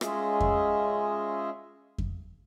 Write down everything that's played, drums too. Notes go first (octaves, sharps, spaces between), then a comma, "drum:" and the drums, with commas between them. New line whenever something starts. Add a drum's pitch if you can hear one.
G#3 C#4 F4 G#4 D#5 E5, drum: rim click
drum: kick F2
drum: kick F2